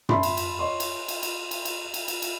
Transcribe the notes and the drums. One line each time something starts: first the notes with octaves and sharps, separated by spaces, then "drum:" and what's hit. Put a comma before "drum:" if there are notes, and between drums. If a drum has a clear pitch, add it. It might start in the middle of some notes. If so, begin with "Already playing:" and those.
E5 A5 B5 C6, drum: tom
drum: cymbal
drum: cymbal
C#5 D#5 C6
drum: cymbal
drum: cymbal
drum: cymbal
drum: cymbal
drum: cymbal
drum: cymbal
drum: cymbal
drum: cymbal